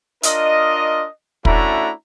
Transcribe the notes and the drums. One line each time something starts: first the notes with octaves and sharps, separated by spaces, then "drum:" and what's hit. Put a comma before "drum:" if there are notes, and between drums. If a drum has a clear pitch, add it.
D4 F4 A#4 D#5, drum: hi-hat
A3 C#4 D4 E4 F#4 A#5, drum: kick